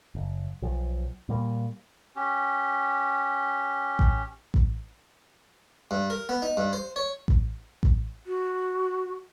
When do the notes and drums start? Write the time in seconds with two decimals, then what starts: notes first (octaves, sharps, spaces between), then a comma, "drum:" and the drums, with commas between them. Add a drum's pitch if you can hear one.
0.15 F#1
0.62 B1 F3
1.29 A#2 G3 A#3
2.16 C#4 G4
3.99 drum: kick A1
4.54 drum: kick A1
5.91 G2
6.10 A#4
6.29 B3
6.42 D#4
6.57 G2
6.73 C5
6.96 C#5
7.28 drum: kick A1
7.83 drum: kick A1
8.26 F#4